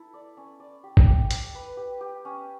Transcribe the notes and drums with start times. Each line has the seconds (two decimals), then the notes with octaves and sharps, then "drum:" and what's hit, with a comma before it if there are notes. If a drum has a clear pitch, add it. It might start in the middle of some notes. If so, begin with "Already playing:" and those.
Already playing: E4 A4
0.14 D5
0.37 C#4
0.60 D5
0.84 G4
0.97 drum: kick
1.07 G4
1.31 G4, drum: hi-hat
1.55 B4
1.77 G4
2.01 G4
2.25 C#4